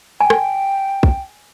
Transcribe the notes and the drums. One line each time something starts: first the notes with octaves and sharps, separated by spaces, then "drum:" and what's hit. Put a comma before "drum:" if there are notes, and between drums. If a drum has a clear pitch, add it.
G5 G#5
drum: rim click
drum: kick